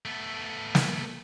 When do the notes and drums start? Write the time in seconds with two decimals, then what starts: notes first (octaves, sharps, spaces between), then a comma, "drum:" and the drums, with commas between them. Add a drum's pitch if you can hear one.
0.05 A3 B3
0.75 drum: snare